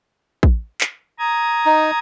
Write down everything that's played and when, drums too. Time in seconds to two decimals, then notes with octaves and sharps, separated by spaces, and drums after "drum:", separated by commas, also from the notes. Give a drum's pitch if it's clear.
0.43 drum: kick
0.81 drum: clap
1.19 A#5 D#6 G#6
1.65 D#4